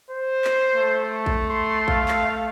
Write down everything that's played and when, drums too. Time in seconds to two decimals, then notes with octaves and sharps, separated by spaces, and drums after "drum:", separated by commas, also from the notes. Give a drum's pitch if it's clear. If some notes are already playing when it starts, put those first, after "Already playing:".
0.11 C5
0.44 drum: clap
0.75 A3
1.26 drum: kick
1.50 C6
1.88 F5, drum: kick
2.08 drum: clap